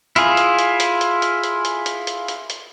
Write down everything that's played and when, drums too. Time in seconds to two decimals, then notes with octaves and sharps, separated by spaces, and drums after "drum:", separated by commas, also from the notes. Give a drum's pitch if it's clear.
0.16 E4 F4 G#4, drum: hi-hat
0.37 drum: hi-hat
0.59 drum: hi-hat
0.80 drum: hi-hat
1.01 drum: hi-hat
1.22 drum: hi-hat
1.43 drum: hi-hat
1.65 drum: hi-hat
1.86 drum: hi-hat
2.07 drum: hi-hat
2.28 drum: hi-hat
2.50 drum: hi-hat